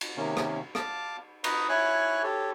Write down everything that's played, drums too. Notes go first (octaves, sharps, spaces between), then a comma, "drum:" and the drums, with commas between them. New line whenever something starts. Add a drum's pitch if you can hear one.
drum: cymbal
C3 D#3 A#3 C#4
drum: rim click
F5 A5 D6, drum: rim click
B4 D#5 A#5 C#6 D#6 G6, drum: cymbal
E4 C#5 G#5 C#6 F#6
G4 A4 C#5